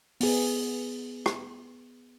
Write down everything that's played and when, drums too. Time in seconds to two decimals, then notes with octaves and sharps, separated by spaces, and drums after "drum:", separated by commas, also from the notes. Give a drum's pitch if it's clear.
0.21 B3 G#4, drum: open hi-hat
1.26 drum: rim click